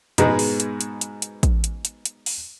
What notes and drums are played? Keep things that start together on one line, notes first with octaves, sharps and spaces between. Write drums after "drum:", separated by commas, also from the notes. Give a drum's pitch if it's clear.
G#2 B2 G#3 B3 G#4, drum: hi-hat
drum: open hi-hat
drum: hi-hat
drum: hi-hat
drum: hi-hat
drum: hi-hat
drum: kick A1, hi-hat
drum: hi-hat
drum: hi-hat
drum: hi-hat
drum: open hi-hat